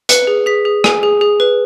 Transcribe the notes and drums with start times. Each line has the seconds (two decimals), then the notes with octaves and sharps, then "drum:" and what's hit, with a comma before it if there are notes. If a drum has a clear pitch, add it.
0.09 B4 C#7, drum: hi-hat
0.27 G#4
0.46 G#4 B6
0.65 G#4
0.84 G#4 G#5, drum: rim click
1.03 G#4
1.21 G#4
1.40 B4